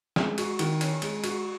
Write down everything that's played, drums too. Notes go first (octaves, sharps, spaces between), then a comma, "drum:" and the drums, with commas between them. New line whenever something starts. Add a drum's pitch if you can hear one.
G#3, drum: snare
F#4, drum: cymbal
D#3, drum: cymbal
C#4, drum: cymbal
G#3, drum: cymbal
F#4, drum: cymbal